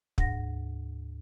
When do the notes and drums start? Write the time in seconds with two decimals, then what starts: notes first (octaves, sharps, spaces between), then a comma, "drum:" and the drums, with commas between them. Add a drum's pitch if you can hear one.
0.18 D2 G#2 F#5 A#6, drum: kick